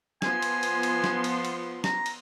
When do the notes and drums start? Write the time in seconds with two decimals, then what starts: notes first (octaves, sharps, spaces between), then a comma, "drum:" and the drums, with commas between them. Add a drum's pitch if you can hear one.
0.22 F3 B3 G#5 C6, drum: snare
0.42 drum: cymbal
0.63 drum: cymbal
0.83 drum: cymbal
1.04 drum: snare
1.24 drum: cymbal
1.45 drum: cymbal
1.84 A#5, drum: snare
2.06 drum: cymbal